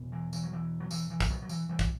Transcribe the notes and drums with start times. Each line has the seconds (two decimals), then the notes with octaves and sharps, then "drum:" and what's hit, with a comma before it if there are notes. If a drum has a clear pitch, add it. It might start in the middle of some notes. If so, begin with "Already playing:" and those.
Already playing: E2 B2
0.12 E3
0.33 E3, drum: tambourine
0.43 F#3
0.53 E3
0.80 F#3
0.91 E3, drum: tambourine
1.10 E3
1.20 drum: kick, tambourine
1.30 D#3 F#3
1.42 F#3
1.49 E3, drum: tambourine
1.69 E3 G3
1.79 drum: kick, tambourine